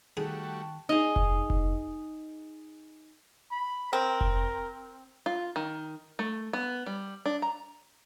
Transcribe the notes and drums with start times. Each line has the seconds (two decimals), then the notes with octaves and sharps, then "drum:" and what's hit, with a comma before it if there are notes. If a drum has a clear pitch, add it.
0.17 D#3 G3 A3 F#4 G#4 G5 A5 C#6
0.89 D#4 G#4 D#5
1.16 drum: kick F1
1.50 drum: kick F1
3.51 B5
3.93 C4 A#4
4.21 drum: kick F1
5.26 F4
5.56 D#3
6.19 A3
6.53 B3
6.86 G3
7.26 D4
7.42 A#5